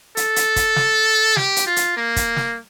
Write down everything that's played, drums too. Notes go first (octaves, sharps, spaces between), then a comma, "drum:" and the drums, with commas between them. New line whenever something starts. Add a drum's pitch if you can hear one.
A4, drum: hi-hat
drum: hi-hat
drum: kick, hi-hat
drum: snare
G4, drum: snare
drum: hi-hat
F4
drum: hi-hat
A#3
drum: kick, hi-hat
drum: snare